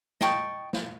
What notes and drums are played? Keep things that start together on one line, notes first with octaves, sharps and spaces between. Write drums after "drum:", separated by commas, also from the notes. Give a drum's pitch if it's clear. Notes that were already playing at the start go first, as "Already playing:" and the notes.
D#5 G5 A5 C#6, drum: snare
drum: snare